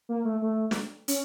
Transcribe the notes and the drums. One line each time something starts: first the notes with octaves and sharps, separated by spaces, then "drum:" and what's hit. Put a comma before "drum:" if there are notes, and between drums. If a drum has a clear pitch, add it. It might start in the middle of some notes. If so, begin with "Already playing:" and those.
A#3
A3
A3
drum: snare
C#4, drum: hi-hat